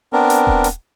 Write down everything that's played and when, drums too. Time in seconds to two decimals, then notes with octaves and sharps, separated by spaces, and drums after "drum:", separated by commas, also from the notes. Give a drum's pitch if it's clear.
0.13 B3 C4 D4 A#4
0.30 drum: hi-hat
0.47 drum: kick D#1
0.64 drum: hi-hat